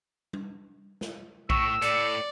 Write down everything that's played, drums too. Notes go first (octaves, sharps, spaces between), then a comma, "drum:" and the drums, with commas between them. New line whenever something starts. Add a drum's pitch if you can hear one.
drum: tom G3
drum: snare
A2 C#6 E6, drum: kick A#1
A2 D5 C#7, drum: hi-hat